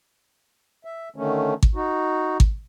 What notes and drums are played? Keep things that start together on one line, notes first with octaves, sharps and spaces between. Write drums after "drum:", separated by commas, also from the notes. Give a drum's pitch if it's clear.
E5
D3 D#3 A3 C#4
drum: kick G#1
D#4 F#4
drum: kick G#1